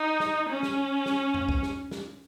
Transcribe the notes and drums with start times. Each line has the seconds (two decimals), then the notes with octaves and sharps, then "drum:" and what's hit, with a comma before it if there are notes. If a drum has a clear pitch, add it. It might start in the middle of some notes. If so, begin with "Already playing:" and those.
Already playing: D#4
0.20 drum: snare
0.48 C#4
0.63 drum: snare
1.06 drum: snare
1.34 drum: tom F2
1.49 drum: kick B1
1.63 drum: snare
1.91 drum: snare